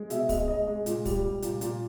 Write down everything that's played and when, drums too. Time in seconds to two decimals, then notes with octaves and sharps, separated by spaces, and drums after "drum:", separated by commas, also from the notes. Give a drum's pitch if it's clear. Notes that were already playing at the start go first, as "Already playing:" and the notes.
Already playing: G#3
0.10 B2 E5, drum: hi-hat
0.29 G#3 D#5, drum: kick, open hi-hat
0.48 G#3 D#5
0.67 G#3
0.86 A#2, drum: hi-hat
1.05 G3, drum: kick, open hi-hat
1.24 G3
1.42 A#2, drum: hi-hat
1.61 A#2, drum: hi-hat